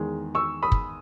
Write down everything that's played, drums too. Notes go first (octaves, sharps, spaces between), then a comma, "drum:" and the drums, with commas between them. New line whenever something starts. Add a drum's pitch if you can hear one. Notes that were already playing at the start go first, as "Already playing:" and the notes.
Already playing: E2 D#3 G#3
C#6 E6
B5 D#6
drum: kick